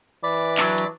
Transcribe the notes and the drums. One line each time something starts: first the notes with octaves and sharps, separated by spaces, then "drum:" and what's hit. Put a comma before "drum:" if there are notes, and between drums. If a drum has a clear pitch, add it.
E3 D5 B5 D6
F#3 D4, drum: clap
drum: hi-hat